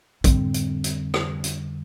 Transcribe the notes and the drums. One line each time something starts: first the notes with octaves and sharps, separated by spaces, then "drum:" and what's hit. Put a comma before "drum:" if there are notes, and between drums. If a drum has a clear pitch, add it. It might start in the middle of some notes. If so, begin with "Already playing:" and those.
F2 D3 G3 C4, drum: kick, hi-hat
drum: hi-hat
drum: hi-hat
drum: rim click
drum: hi-hat